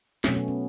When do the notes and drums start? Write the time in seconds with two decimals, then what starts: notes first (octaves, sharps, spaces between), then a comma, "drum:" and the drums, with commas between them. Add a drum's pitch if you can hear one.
0.24 B2 F#3 A3 C#4, drum: snare
0.36 B3
0.48 C#4